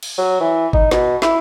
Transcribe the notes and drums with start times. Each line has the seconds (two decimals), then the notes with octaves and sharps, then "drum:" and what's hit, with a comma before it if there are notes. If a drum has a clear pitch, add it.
0.03 drum: cymbal
0.18 F#3
0.40 E3
0.73 D#4, drum: kick G1
0.91 B2, drum: snare
1.22 E4, drum: snare